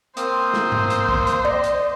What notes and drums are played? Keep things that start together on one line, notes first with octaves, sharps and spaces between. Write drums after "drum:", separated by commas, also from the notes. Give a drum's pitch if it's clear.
A#3 C4 C5 D#6, drum: hi-hat
drum: snare
drum: tom G#2
drum: hi-hat
drum: kick
drum: hi-hat
D5 D#5
drum: hi-hat